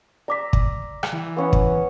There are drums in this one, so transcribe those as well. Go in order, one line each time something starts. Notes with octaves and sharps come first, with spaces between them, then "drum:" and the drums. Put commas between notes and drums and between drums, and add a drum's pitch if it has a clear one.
D5 A#5 D6 E6 B6
drum: kick
drum: rim click
E3
B3 C#4 F#5
drum: kick